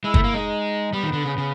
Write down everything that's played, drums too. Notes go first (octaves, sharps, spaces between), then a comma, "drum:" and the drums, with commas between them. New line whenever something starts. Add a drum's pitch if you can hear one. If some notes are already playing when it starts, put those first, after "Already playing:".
G#3 E4
A3, drum: kick
A#3
G#3 D#4
G3 B3
D#3
D3
C#3
C#3